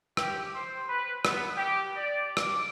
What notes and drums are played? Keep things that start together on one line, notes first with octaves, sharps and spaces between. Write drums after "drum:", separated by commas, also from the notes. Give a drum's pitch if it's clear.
G4, drum: rim click
C5
B4
B3, drum: rim click
G4
D5
D6, drum: rim click